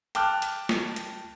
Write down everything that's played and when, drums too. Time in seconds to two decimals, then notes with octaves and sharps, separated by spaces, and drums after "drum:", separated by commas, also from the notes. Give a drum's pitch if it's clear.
0.15 G5 A5 D6 F6 F#6, drum: hi-hat
0.42 drum: hi-hat
0.69 drum: snare
0.96 drum: hi-hat